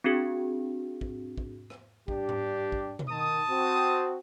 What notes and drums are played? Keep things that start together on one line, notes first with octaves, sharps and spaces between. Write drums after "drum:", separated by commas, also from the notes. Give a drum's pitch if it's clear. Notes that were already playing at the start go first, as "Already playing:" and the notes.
C4 D4 F#4 G#4
drum: kick
drum: kick
drum: rim click
G2 D4 G4, drum: kick
drum: tom G#2
drum: kick
drum: tom B2
D#3 A5 D#6
C4 F#4